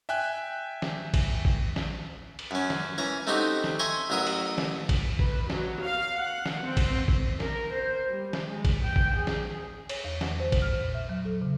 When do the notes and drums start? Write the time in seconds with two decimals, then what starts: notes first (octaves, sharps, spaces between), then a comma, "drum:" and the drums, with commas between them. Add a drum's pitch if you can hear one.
0.09 E5 G5 G#5 F#6
0.82 drum: snare
1.14 drum: kick, cymbal
1.45 drum: kick
1.76 drum: snare
2.39 drum: cymbal
2.51 F#2 C#4
2.70 drum: snare
2.98 E3 C#4 A#5
3.27 A3 C4 D#4 F#4 G4
3.64 drum: snare
3.79 E5 G#5 A#5 C6 C#6
4.10 A1 F#3 A#4 E5 D#6
4.27 drum: cymbal
4.58 drum: snare
4.89 drum: kick, cymbal
5.19 B4, drum: kick
5.50 F#3, drum: snare
5.82 F5
6.17 F#5
6.46 drum: snare
6.63 C4
6.77 drum: kick, cymbal
7.08 drum: kick
7.40 A#4, drum: snare
7.74 C5
8.09 G3
8.33 drum: snare
8.46 G#3
8.65 drum: kick, cymbal
8.83 G5
8.96 drum: kick
9.17 G#4
9.27 drum: snare
9.89 C#5, drum: cymbal
10.04 E2
10.21 F#5, drum: snare
10.40 C5
10.52 drum: kick, cymbal
10.62 F6
10.80 A#2
10.94 E5
11.09 F#3
11.25 A4
11.42 C#3